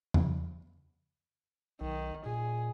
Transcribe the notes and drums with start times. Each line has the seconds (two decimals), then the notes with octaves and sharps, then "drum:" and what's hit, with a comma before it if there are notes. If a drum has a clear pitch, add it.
0.14 drum: tom E2
1.81 B1 D#3
2.26 A#2 G#4